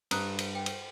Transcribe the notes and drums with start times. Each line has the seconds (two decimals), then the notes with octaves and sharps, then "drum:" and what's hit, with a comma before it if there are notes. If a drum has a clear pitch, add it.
0.11 G2 A#5 D#6 F#6, drum: cymbal
0.39 drum: cymbal
0.55 G5
0.66 drum: cymbal